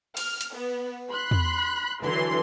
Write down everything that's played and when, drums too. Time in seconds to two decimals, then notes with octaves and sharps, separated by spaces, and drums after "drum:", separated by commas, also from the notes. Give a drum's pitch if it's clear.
0.17 F6, drum: cymbal
0.41 drum: hi-hat
0.54 B3
1.10 B5 C6 F#6
1.31 drum: tom E2
2.02 D3 E3 F#3 C6